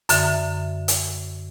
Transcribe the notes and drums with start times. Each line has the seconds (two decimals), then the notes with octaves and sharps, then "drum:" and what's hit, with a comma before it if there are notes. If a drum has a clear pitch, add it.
0.09 F#2 D3 E5, drum: hi-hat
0.88 drum: hi-hat